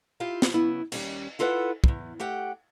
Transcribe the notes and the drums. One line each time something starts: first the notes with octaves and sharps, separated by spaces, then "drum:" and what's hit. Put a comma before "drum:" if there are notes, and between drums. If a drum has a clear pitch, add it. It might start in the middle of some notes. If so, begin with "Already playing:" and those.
E4 F4 G4
drum: snare
C#3 F#3 B3 E4
D#2 G3 C#4, drum: cymbal
E4 F4 A4 B4 D5 F#5
E2 G2, drum: kick
A3 G4 F#5 G5